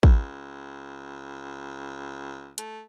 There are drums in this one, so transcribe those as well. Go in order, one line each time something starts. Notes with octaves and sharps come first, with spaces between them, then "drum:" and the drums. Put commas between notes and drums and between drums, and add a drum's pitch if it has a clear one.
C#2, drum: kick
A3, drum: hi-hat